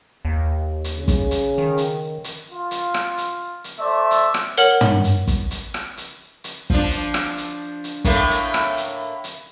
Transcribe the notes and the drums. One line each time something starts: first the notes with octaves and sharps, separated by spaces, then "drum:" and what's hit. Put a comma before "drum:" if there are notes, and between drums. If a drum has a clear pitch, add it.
D#2
drum: hi-hat
C#3
drum: kick, hi-hat
drum: hi-hat
D#3
drum: hi-hat
drum: hi-hat
F4
drum: hi-hat
drum: rim click
drum: hi-hat
drum: hi-hat
A3 C5 D5 E5
drum: hi-hat
drum: rim click
A#4 C#5 F#5 F6 F#7, drum: hi-hat
drum: tom
drum: hi-hat
drum: kick, hi-hat
drum: hi-hat
drum: rim click
drum: hi-hat
drum: hi-hat
F3 D4, drum: kick
drum: hi-hat
drum: rim click
drum: hi-hat
drum: hi-hat
A2 A3 A#3, drum: kick, hi-hat
drum: hi-hat
drum: rim click
drum: hi-hat
drum: hi-hat